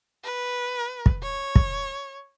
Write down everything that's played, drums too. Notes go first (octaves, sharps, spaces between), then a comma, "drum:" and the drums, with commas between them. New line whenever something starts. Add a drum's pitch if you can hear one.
B4
drum: kick
C#5
drum: kick